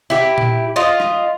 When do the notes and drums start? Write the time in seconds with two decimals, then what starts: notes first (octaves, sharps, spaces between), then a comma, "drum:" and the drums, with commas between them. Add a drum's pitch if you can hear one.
0.10 E4 G4
0.38 drum: tom A#2
0.76 F4 D#5
1.00 drum: rim click